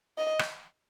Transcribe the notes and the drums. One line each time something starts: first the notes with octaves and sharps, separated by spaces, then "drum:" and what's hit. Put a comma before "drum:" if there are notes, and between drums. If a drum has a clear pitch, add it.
D#5
drum: rim click